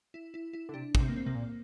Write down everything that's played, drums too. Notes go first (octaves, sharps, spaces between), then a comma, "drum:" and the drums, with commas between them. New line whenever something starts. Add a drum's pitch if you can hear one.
E4
E4
E4
D3
C3 D4
A#2, drum: kick
C3 C4
A#3
C4
C3 A#3
A#2